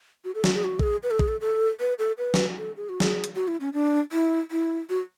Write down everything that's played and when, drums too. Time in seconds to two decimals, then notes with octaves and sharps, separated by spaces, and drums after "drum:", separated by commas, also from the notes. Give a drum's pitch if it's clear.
0.24 F#4
0.35 A4
0.44 F#4, drum: snare
0.54 G#4
0.64 F#4
0.79 A4, drum: kick A#1
0.83 G#4
1.03 B4
1.11 A4
1.19 G#4, drum: kick A#1
1.28 A4
1.41 A4
1.80 B4
1.99 A4
2.18 B4
2.34 drum: snare
2.58 A4
2.77 G#4
2.89 F#4
3.00 G#4, drum: snare
3.24 drum: hi-hat
3.35 F#4
3.48 E4
3.60 C#4
3.73 D4
4.12 E4
4.51 E4
4.89 F#4